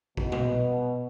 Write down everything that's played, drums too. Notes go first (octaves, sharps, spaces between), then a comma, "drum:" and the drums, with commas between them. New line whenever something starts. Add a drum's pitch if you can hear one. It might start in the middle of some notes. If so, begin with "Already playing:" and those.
B2, drum: kick
drum: tom A#2